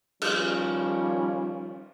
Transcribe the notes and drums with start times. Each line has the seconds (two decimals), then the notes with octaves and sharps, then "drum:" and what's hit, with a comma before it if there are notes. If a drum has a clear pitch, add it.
0.22 D#3 F3 G3 C#4, drum: cymbal